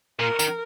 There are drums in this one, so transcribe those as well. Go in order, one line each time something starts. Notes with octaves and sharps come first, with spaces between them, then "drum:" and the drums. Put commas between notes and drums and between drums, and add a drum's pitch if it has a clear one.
A#2 A#4
D#3, drum: tambourine